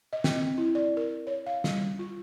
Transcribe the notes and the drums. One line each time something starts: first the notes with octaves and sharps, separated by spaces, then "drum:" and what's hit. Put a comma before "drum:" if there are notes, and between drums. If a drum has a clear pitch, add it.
D#5
C4, drum: snare
E4
D5
A#4
C#5
F5
G3, drum: snare
F4